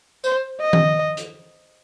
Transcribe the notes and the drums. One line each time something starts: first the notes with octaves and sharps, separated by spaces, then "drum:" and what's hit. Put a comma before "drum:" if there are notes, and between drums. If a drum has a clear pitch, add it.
C5, drum: tambourine
D#5
drum: tom D#3
drum: hi-hat